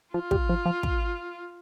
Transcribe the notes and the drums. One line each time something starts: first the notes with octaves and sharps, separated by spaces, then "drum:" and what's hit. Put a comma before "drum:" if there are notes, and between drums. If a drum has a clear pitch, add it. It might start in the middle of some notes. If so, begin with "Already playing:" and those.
F3 F4
G3, drum: kick
F3
F3
drum: kick